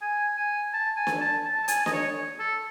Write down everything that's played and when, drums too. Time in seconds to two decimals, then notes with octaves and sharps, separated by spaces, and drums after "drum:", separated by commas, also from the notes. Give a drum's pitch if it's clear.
0.02 G#5
0.37 G#5
0.74 A5
0.97 G#5
1.07 drum: snare
1.21 A5
1.45 A5
1.64 A5
1.68 G#5, drum: hi-hat
1.86 D#5, drum: snare
1.93 C#5
2.39 A4